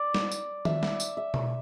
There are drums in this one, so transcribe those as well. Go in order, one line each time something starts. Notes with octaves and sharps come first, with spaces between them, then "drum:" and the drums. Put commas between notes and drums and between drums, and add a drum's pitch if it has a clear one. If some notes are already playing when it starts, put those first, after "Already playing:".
Already playing: D5
drum: snare
drum: tambourine
E5, drum: tom D#3
drum: snare
drum: tambourine
E5
drum: tom B2